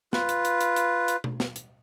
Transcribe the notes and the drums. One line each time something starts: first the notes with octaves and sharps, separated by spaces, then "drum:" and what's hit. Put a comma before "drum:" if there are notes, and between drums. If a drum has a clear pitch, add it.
F4 B4, drum: snare
drum: hi-hat
drum: hi-hat
drum: hi-hat
drum: hi-hat
drum: hi-hat
drum: tom B2
drum: snare
drum: hi-hat